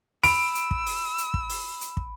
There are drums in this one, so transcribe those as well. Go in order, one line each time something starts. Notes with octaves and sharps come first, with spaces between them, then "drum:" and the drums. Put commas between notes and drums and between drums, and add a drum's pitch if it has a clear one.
B5 E6 D7, drum: open hi-hat
drum: hi-hat
drum: kick
drum: open hi-hat
drum: hi-hat
drum: kick
drum: open hi-hat
drum: hi-hat
drum: kick